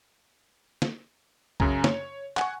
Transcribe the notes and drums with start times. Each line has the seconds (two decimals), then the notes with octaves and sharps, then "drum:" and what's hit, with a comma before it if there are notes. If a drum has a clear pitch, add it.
0.82 drum: snare
1.60 F#2 C#3 G#5 A#5, drum: kick B1
1.84 C#5, drum: snare
2.37 F#5 G#5 C#6, drum: clap